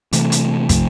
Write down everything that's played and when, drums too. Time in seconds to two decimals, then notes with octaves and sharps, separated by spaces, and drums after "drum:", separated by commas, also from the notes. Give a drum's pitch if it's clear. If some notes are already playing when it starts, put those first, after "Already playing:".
0.13 C3 E3 A3, drum: hi-hat
0.32 drum: hi-hat
0.69 C3 F3 A3, drum: kick, hi-hat